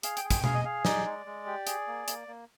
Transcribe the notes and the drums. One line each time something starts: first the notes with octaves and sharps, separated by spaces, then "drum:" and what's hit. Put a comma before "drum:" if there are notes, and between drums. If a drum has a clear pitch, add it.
G#4 F5, drum: hi-hat
G5, drum: hi-hat
G#4
G5, drum: kick, hi-hat
G#4 F5, drum: tom B2
D#5
G#4 F5
D#4 D5, drum: snare
G#3
G#3
G4
G#4, drum: hi-hat
A#3
A#3, drum: hi-hat
A#3